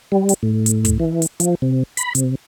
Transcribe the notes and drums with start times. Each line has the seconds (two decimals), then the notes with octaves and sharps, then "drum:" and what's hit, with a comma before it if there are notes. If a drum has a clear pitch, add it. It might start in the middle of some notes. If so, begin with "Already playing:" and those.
0.12 G3
0.29 drum: hi-hat
0.43 A2
0.66 drum: hi-hat
0.85 drum: kick, hi-hat
1.00 E3
1.22 drum: hi-hat
1.40 F3, drum: hi-hat
1.62 C3
1.97 B5, drum: hi-hat
2.15 C3, drum: hi-hat